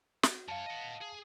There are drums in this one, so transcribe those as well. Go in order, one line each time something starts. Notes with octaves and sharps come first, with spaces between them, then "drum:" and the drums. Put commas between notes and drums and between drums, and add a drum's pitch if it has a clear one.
F#4, drum: snare
F#2 C#5 F5 A5
D#5 F#5
G#4